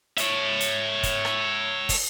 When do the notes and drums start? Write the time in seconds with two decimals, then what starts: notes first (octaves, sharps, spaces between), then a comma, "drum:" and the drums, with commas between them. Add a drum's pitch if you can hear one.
0.18 C#5 E5, drum: hi-hat
0.60 drum: hi-hat
1.03 drum: kick, hi-hat
1.25 drum: rim click
1.89 drum: kick, open hi-hat